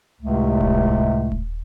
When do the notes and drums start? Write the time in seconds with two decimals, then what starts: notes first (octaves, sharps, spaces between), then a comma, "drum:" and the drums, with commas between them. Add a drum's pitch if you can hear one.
0.21 C#2 A2 C3 A3
0.61 drum: kick D#1
1.32 drum: kick D#1